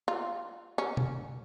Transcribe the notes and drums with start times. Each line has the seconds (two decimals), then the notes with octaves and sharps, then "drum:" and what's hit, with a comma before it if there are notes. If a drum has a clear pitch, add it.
0.08 F4
0.78 C#4
0.97 drum: tom B2